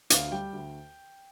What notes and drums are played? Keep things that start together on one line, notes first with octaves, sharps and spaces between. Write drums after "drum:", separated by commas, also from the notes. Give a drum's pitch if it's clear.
D2 F5, drum: hi-hat
G3 G5
D2